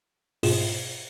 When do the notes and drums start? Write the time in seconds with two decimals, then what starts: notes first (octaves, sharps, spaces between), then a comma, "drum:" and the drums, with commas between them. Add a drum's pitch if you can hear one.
0.43 G#2 B2 F4 G#4 E7, drum: open hi-hat